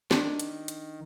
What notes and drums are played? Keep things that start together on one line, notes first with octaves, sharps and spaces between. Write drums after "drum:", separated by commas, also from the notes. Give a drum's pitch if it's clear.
D#3 D4, drum: snare
drum: hi-hat
drum: hi-hat